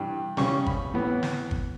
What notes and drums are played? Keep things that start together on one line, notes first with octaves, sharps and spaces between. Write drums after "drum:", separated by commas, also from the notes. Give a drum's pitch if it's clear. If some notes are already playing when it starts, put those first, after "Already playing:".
Already playing: G2 E3 G3
C#3 G3 C#4 C#6, drum: snare
B5, drum: kick G1
A2 E3 B3
drum: snare
drum: kick G1